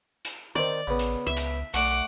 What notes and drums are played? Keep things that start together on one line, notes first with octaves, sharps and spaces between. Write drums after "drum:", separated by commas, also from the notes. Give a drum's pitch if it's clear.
drum: hi-hat
D#3 C4 D5
A1 C#3 B3
drum: hi-hat
C#2 E5
drum: hi-hat
B1 A3 D4 F#5 D6, drum: hi-hat